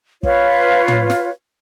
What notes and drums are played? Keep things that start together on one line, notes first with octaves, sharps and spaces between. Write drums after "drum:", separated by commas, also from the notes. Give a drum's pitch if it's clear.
F4 B4 C#5 F5, drum: kick
drum: tom
drum: snare